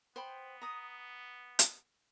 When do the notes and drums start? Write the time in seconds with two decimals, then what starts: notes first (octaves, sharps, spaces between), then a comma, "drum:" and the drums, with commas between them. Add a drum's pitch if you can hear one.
0.16 B3 C5 G5 B5
0.62 A#5 D#6
1.59 drum: hi-hat